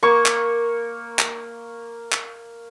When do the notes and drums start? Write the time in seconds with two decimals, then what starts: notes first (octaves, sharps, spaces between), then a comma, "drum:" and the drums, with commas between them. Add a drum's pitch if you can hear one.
0.03 A#3 C#6
0.26 drum: clap
1.19 drum: clap
2.12 drum: clap